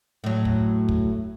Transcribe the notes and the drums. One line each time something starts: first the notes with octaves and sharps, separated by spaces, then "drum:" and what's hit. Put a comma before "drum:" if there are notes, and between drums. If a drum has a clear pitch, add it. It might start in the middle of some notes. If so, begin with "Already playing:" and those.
A2 F#3
drum: kick
drum: kick